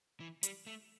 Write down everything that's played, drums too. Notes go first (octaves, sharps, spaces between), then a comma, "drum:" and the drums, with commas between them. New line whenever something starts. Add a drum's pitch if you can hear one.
E3
G3, drum: hi-hat
A3